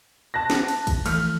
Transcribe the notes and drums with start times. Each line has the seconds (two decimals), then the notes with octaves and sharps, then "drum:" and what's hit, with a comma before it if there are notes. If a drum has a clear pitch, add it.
0.34 A5 F#6 A#6
0.50 drum: snare
0.68 drum: cymbal
0.87 drum: kick, cymbal
1.06 E3 F3 A3 F6, drum: cymbal